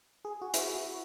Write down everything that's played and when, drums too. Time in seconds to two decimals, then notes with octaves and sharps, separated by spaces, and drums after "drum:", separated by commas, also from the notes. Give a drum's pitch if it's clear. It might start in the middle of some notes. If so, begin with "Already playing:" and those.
0.25 G#4
0.42 F#4
0.54 E4, drum: hi-hat
0.58 F#4
0.75 F#4